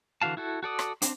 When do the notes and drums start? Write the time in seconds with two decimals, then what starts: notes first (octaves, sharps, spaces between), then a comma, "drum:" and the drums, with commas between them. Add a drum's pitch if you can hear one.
0.22 D3 E3 F#4 F5 A5
0.37 E4 F#4 A4
0.63 F#4 A4 D5 D#6
0.79 drum: rim click
1.02 C4 D4, drum: hi-hat